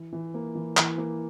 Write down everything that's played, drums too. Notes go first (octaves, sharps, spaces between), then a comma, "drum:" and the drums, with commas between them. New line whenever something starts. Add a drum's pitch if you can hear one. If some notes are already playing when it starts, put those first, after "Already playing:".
Already playing: E3
E3
A#3
E3
E3, drum: clap
A#3